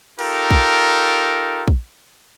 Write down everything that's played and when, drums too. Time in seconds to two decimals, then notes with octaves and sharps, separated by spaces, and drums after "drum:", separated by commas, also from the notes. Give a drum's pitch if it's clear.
0.19 D#4 F4 G4 A4 A#4, drum: cymbal
0.51 drum: kick
1.68 drum: kick